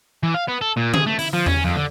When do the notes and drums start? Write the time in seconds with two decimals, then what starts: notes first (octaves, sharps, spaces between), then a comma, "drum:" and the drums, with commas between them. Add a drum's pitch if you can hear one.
0.23 E3
0.34 F5
0.48 B3
0.61 A4
0.77 A#2
0.94 G#4, drum: tom D3
1.06 A3
1.19 E4, drum: open hi-hat
1.33 F3
1.46 C#4, drum: tom E2
1.65 F2
1.77 D3